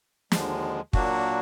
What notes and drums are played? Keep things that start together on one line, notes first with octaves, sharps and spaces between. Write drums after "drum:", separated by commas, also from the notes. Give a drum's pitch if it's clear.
D#2 D3 F3 G#3, drum: snare
A#2 F#3 A#3 D4 F#4, drum: kick